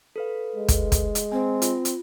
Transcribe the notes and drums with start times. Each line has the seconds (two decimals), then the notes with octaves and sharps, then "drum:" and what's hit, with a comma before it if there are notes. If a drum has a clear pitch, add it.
0.16 A4 B4 F5
0.55 G#3
0.68 drum: kick, hi-hat
0.92 drum: kick, hi-hat
1.15 drum: hi-hat
1.32 C4 G#5
1.62 F4, drum: hi-hat
1.85 drum: hi-hat